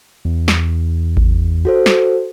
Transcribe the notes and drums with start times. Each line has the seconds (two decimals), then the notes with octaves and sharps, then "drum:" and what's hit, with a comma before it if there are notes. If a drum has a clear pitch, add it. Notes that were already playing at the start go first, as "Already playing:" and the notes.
0.25 E2
0.48 drum: snare
1.17 drum: kick G#1
1.65 F#4 A4 C5
1.86 drum: snare